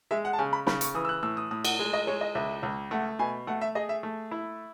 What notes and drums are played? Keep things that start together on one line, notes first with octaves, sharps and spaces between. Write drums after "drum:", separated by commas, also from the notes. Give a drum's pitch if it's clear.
G#3 E5
F#5
A5
C#3 G#5
B5
C#3 B5, drum: snare
C#6, drum: hi-hat
E3 D#6
E6
F#6
A2 E6
D#6
A2 D#6
F#5, drum: cymbal
G#3
D#5
G#3 C#5
D#5
C#2 E5
C#2
A3 F#5
B2 G#5
A3 F#5
E5
G#4 D#5
E5
A3
E4